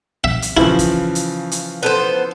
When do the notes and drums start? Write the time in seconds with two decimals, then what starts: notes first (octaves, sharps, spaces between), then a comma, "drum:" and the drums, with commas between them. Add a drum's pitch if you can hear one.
0.24 E5
0.42 drum: hi-hat
0.57 C#3 E3 F3 E4
0.79 drum: kick, hi-hat
1.15 drum: hi-hat
1.51 drum: hi-hat
1.83 B3 A4 C5